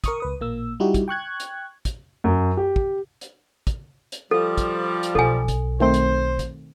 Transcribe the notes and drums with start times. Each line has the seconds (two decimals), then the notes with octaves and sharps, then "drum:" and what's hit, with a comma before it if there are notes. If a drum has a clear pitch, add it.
0.04 A#4 C#6 D#6, drum: kick, hi-hat
0.20 C#2 B4 D#6
0.40 A1 A#2 A#3 E6
0.80 G3 D#4 E4 F#4 G4
0.94 drum: kick, hi-hat
1.08 G5 C#6 F#6 G#6
1.40 drum: hi-hat
1.85 drum: kick, hi-hat
2.24 F#2
2.57 G4
2.76 drum: kick
3.21 drum: hi-hat
3.67 drum: kick, hi-hat
4.12 drum: hi-hat
4.31 F3 G3 A4
4.58 drum: kick, hi-hat
5.03 drum: hi-hat
5.15 B1 A4 G#5
5.48 drum: kick, hi-hat
5.80 D#3 A3 C4 C5
5.94 drum: hi-hat
6.39 drum: kick, hi-hat